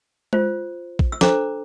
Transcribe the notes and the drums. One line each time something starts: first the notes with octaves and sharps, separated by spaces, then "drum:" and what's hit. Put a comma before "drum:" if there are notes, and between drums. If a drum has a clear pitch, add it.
F4 C5, drum: tom G#3
drum: kick A#1
E6
D4 A4 C5 A#5 D6, drum: snare